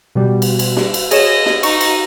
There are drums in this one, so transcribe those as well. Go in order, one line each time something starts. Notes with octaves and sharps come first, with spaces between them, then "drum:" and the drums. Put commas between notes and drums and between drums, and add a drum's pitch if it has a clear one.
B2 G3
drum: cymbal
drum: cymbal
drum: snare
drum: cymbal
G#4 C#5 D#5 E7, drum: cymbal
drum: snare
D#4 C#6, drum: cymbal
drum: cymbal